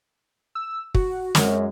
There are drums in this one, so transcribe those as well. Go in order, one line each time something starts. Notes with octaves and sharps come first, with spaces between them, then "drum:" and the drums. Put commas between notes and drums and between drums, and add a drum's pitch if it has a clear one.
E6
F#4, drum: kick
F#2 G#3, drum: snare